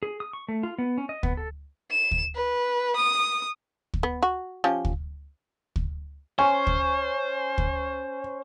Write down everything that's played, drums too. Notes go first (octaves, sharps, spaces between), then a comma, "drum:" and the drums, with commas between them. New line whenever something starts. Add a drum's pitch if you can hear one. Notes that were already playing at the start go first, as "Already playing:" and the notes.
G#4
D#6
C#6
A3
F4
B3
C#4
D#5
B3, drum: kick
A4
E7
drum: kick
B4
D#6
drum: kick
B3
F#4
F3 C#4 G4
drum: kick
drum: kick
C#4 C5 G#5
drum: kick
drum: kick